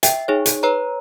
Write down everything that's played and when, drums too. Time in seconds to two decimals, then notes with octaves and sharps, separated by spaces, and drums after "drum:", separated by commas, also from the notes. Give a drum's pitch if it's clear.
0.03 E5 G5, drum: hi-hat
0.28 D#4 G#4 C#5
0.46 drum: hi-hat
0.63 B4 C#5 A#5